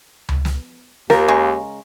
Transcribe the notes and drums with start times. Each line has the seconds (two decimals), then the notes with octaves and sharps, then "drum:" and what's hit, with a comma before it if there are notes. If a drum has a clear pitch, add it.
0.29 drum: tom C#2
0.45 drum: snare
1.10 D#2 F4 G4 A#4, drum: snare
1.28 C#3 G#3 C#6